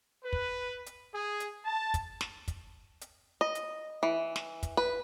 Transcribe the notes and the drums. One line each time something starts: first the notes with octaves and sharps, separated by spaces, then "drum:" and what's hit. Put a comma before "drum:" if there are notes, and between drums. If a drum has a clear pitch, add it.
B4
drum: kick
drum: hi-hat
G#4
drum: hi-hat
A5
drum: kick, hi-hat
drum: snare
drum: kick, hi-hat
drum: hi-hat
D#5
drum: hi-hat
E3
drum: snare
drum: kick, hi-hat
B4